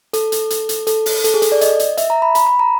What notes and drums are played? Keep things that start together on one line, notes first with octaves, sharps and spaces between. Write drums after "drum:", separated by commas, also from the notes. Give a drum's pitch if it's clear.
A4, drum: hi-hat
drum: hi-hat
drum: hi-hat
drum: hi-hat
A4, drum: hi-hat
drum: open hi-hat
A4, drum: hi-hat
G#4
A4, drum: hi-hat
D5
D#5, drum: hi-hat
drum: hi-hat
E5, drum: hi-hat
A#5
B5
B5, drum: hi-hat
B5
A#5